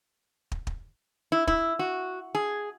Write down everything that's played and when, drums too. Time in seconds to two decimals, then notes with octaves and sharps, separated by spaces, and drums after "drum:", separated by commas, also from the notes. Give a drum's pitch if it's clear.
0.52 drum: kick
0.67 drum: kick
1.32 E4
1.47 E4, drum: kick
1.79 F#4
2.35 G#4